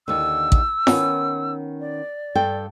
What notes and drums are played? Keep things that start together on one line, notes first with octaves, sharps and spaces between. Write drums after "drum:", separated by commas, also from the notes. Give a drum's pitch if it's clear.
D#2 D3 E6
drum: kick A1
D#3 B3 C#4, drum: snare
D5
G2 A4 G5